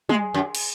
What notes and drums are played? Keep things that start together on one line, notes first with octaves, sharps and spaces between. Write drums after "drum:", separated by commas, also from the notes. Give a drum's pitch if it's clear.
G#3, drum: tom
F#2
drum: cymbal